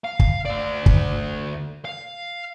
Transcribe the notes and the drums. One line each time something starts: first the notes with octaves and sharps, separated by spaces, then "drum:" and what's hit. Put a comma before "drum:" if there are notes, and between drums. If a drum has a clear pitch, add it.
F5
drum: kick
D2 D5
drum: kick
F5